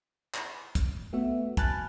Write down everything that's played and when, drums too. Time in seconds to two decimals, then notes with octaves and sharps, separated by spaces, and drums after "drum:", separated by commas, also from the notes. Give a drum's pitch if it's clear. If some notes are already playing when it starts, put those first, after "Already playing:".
0.34 drum: clap
0.75 drum: kick, hi-hat
1.13 A3 B3 F#4 E5
1.57 G#5 A5 B5 F6 F#6 A6, drum: kick, hi-hat